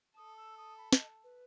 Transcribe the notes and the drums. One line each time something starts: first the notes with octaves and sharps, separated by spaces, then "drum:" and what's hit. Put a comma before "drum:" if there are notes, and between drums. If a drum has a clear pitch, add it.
A4 D#6
E6
D#6
B5
D#5, drum: snare
B4